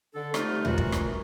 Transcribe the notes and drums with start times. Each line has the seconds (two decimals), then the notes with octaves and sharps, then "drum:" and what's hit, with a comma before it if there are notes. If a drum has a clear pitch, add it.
0.15 D3 D4 A4
0.34 G3 A3 D4 D#4 F4 C5, drum: rim click
0.65 E3 G3 A3 F4 F#4 A#4, drum: tom
0.78 drum: kick
0.92 drum: rim click